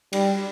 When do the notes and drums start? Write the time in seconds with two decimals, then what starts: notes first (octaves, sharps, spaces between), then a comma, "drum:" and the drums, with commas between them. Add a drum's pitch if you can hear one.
0.13 G3, drum: cymbal